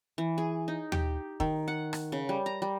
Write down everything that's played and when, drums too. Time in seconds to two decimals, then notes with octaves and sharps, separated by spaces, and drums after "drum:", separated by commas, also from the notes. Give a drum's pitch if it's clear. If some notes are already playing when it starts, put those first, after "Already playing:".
0.18 E3
0.38 G#4
0.68 D#4
0.92 G4, drum: tom
1.40 D#3, drum: kick
1.68 F#5
1.93 drum: rim click
2.12 C#3
2.29 G3
2.46 A#5
2.62 G3